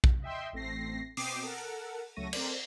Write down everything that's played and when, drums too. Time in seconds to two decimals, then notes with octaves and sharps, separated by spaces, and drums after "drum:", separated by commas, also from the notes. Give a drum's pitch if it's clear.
0.04 drum: kick A#1
0.22 D#5 E5 G5 C6
0.53 A1 A3 C4 A#6 C7
1.17 B2 C4 G5 D6 D#6 C7, drum: open hi-hat
1.43 A4 A#4 F#5
2.16 C#2 F#3 A3 C#6 A#6 D#7
2.33 C4 A4 A#4 C5 D5, drum: cymbal